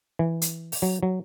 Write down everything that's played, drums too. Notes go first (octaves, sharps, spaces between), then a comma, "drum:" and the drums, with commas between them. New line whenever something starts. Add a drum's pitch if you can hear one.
E3
drum: hi-hat
drum: open hi-hat
F#3
F#3